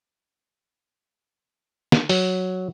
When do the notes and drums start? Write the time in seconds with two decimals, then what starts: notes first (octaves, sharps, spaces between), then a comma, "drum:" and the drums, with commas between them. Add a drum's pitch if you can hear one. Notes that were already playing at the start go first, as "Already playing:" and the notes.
1.92 drum: snare
2.09 F#3, drum: open hi-hat